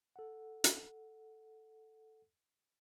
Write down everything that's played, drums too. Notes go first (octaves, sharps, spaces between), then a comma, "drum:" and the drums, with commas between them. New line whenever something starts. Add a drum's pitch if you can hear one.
A4 F#5
drum: hi-hat